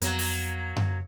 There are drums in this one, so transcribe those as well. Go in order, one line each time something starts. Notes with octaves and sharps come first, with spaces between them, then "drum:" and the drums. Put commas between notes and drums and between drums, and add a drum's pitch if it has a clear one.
F2 F#3 A#3 B3, drum: hi-hat
drum: open hi-hat
drum: tom F#2